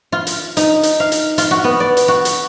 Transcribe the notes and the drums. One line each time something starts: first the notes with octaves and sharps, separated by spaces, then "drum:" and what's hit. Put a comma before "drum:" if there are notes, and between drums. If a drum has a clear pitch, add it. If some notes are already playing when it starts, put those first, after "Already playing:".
F4
drum: hi-hat
D#4, drum: hi-hat
drum: hi-hat
F5
drum: hi-hat
F4, drum: hi-hat
F#4
B3
D5
drum: hi-hat
F#4
drum: hi-hat